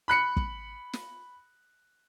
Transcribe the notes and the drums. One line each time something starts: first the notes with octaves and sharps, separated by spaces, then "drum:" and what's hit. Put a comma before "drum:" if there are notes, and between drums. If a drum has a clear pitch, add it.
B5 F#6 C#7
drum: kick
drum: snare